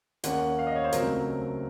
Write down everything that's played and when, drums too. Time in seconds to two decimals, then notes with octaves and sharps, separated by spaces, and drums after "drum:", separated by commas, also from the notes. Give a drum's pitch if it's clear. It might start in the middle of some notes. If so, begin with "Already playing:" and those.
0.24 D#2 D#3 A#3 C#4 F#5, drum: hi-hat
0.59 F5
0.67 D#5
0.76 C#5
0.84 C5
0.92 C#2 C#3 F#3 A3 C4 A#4, drum: hi-hat